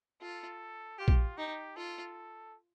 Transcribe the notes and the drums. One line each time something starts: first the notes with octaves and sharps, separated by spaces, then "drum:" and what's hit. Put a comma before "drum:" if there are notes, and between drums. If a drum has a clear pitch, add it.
F4 A4
F4 G4
drum: kick A#1
D#4 G4
F4 A4